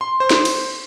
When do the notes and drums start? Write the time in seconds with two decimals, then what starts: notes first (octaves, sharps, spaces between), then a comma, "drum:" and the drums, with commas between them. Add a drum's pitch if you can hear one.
0.01 C6
0.20 C5
0.30 drum: snare
0.45 drum: cymbal